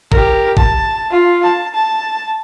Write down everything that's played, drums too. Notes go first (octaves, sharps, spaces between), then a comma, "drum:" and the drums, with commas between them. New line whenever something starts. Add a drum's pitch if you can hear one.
G4 A#4, drum: kick
A5, drum: kick
F4
A5
A5